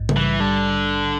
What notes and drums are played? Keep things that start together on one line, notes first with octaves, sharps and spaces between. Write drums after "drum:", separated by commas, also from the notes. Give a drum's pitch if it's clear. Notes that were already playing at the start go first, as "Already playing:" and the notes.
Already playing: A#1 G#2
G3, drum: tom C#3
E3
D3 G3